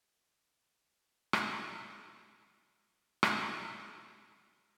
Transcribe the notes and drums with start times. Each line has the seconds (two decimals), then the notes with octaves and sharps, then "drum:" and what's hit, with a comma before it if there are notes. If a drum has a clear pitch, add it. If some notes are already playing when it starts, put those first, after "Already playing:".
Already playing: F#4
0.39 G4
0.86 F#4
1.33 drum: rim click
1.81 G4
2.28 A4
3.23 drum: rim click
3.70 G4
4.17 G4